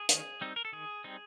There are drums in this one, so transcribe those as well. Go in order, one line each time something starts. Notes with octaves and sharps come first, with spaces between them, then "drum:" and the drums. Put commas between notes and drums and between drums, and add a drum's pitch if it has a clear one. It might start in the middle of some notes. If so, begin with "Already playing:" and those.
Already playing: G#4
D#3, drum: hi-hat
G3 C4 D#4
A#4
A4
D#3 G#4
G3 C4 D#4